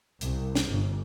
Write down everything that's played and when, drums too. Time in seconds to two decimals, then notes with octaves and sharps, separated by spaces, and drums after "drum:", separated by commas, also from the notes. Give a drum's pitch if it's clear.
0.21 C2, drum: hi-hat
0.55 drum: snare
0.67 G1